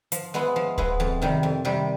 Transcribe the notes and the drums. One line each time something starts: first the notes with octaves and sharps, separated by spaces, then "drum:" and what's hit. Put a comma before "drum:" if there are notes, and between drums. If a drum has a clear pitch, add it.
F3, drum: hi-hat
G#3 B3 E4
F3
G#3 B3 E4, drum: kick D1
F2
C3 D#3 G3
F2
C3 D#3 G3